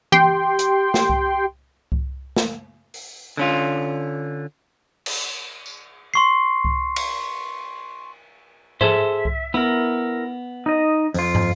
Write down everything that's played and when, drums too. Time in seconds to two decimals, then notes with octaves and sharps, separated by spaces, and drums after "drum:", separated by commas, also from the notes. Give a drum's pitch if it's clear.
0.12 G4 G5 C6, drum: tom E3
0.59 drum: hi-hat
0.94 drum: snare
1.10 drum: kick C2
1.92 drum: kick C2
2.37 drum: snare
2.94 drum: open hi-hat
3.37 D3 C#4 F4
5.06 drum: cymbal
5.66 drum: tambourine
6.14 C6 C#6 C7
6.65 drum: kick C2
6.96 drum: cymbal
8.81 G#4 A4 C5 E5, drum: tom G#2
9.25 drum: kick C2
9.54 B3 E4 A#4
10.66 D#4 D#5
11.14 F2 F4, drum: open hi-hat
11.35 drum: tom